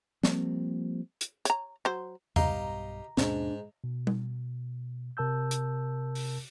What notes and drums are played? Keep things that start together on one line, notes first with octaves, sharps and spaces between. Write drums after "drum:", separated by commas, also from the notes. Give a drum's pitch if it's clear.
F3 G3 A#3 C4, drum: snare
drum: hi-hat
C#5 A#5, drum: hi-hat
F#3 C5
B1 G2 G4 D#5 F5 A#5, drum: tom E2
D#2 G#2 B2 C#4 D4, drum: snare
B2
drum: tom G3
C3 A#4 A5 E6 G6
drum: hi-hat
drum: open hi-hat